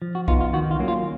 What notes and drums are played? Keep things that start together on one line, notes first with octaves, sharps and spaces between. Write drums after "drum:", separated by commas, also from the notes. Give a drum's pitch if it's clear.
F3
F#4
B3 D#4 F4, drum: kick B1
F4
D#3 F#4
F4
F#3 A#3 C#4
F4